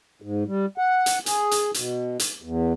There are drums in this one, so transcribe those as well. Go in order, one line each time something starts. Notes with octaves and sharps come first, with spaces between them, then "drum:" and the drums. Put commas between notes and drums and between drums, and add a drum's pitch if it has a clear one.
G#2
G3
F#5
drum: hi-hat
G#4, drum: hi-hat
drum: hi-hat
B2, drum: hi-hat
drum: hi-hat
E2